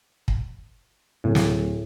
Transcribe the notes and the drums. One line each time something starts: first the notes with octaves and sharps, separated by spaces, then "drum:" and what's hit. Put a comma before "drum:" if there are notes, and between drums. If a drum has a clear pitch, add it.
drum: kick
D1 A2
drum: snare